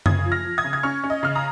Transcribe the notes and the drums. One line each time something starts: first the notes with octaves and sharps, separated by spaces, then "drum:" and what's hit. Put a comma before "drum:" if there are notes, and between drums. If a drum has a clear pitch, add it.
C#3 D#6 G#6, drum: tom F#2
F3
F6 A#6
F3
D#6 G#6
C#3
G#6
C#4 C#6 F6
C#4
D#5
C#3 F6
A#5 D#6